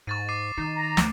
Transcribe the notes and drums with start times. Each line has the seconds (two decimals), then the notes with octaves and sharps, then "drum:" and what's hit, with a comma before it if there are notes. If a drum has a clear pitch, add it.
0.07 G#2 C#6 A6 D#7
0.29 D6 C7 D#7
0.58 D#3 D#4
0.76 A#5
0.97 D2, drum: snare